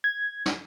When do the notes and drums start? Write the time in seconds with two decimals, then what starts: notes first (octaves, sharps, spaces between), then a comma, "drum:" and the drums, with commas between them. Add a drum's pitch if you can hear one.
0.04 G#6
0.46 drum: snare